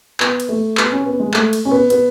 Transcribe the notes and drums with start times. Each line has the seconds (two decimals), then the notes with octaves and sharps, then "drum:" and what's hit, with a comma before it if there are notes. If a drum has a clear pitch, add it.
0.20 B3, drum: clap
0.40 drum: cymbal
0.49 A3
0.77 B3, drum: clap
0.92 C#4
1.06 B3
1.19 G#3
1.34 A3, drum: clap
1.53 drum: cymbal
1.65 C#4
1.71 B3
1.90 B3, drum: cymbal